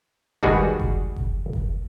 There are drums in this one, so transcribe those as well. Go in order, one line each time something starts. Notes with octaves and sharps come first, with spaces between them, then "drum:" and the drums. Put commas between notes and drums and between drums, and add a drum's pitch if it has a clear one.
D#3 G3 G#3 F#4 G#4 B4, drum: kick F#1
drum: kick F#1
drum: kick F#1
drum: kick F#1